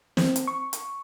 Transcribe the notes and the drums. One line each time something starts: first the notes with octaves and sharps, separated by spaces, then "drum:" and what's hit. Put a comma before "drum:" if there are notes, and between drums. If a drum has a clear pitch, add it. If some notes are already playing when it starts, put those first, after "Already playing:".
C4, drum: snare
drum: hi-hat
C#6
drum: hi-hat